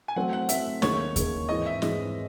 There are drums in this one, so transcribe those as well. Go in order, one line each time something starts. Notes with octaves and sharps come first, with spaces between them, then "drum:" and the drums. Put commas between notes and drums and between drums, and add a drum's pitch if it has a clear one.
G#5
F#3 A3 C4 F#5
F#5
F#3 A3 C4 E5, drum: hi-hat
D#2 D#3 G#3 C#4 G#4 C#5, drum: snare
D#2 D#3 G#3 C#4 G#4, drum: kick D#2, hi-hat
G#2 E3 G#3 C4 D#5
E5
G#2 E3 G#3 C4, drum: snare